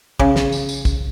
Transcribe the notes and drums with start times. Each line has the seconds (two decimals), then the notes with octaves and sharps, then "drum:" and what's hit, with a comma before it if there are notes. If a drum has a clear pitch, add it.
0.19 C#3, drum: kick
0.36 drum: snare
0.52 drum: tambourine
0.69 drum: tambourine
0.85 drum: kick, tambourine